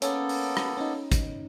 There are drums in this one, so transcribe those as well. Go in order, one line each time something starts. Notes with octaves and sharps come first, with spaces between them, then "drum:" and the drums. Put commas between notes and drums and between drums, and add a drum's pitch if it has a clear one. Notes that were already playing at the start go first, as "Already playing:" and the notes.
A#3 B3 C#4 A4, drum: hi-hat
drum: open hi-hat
drum: rim click
C#4 D#4
drum: kick, hi-hat